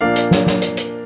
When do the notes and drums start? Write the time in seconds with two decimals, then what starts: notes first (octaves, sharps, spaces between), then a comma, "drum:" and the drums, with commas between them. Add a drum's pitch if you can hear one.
0.01 A#2 F3 A#3 D4 F5
0.16 drum: hi-hat
0.31 drum: snare
0.46 drum: snare
0.62 drum: hi-hat
0.77 drum: hi-hat